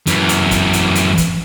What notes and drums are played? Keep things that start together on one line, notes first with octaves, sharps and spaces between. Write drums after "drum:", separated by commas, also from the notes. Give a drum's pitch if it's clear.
F#2 E3, drum: hi-hat
drum: hi-hat
drum: kick G#1, hi-hat
drum: hi-hat
drum: hi-hat
drum: kick G#1, hi-hat